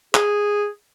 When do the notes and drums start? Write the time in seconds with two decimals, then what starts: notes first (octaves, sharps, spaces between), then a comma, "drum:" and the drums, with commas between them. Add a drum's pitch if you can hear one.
0.14 G#4, drum: clap